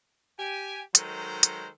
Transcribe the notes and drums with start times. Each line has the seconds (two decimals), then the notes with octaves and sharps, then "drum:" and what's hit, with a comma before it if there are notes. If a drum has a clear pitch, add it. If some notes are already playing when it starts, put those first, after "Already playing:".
0.39 G4 G#5
0.95 D#3 F#3 G#3 A4 C5 A#5, drum: hi-hat
1.43 drum: hi-hat